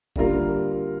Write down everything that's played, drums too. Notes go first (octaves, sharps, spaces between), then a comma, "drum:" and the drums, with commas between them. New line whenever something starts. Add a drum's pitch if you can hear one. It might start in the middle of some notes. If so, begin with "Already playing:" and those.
D3 G3 A#3 F4 A#4, drum: kick